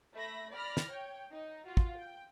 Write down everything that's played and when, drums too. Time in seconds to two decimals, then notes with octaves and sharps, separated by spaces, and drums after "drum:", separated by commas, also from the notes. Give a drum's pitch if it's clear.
0.14 A3 E5 B5 A#6
0.51 D5 B5 F6 A#6
0.77 drum: snare
0.90 C#5 G5
1.32 D#4
1.65 F4 F#4
1.77 drum: kick
1.97 G5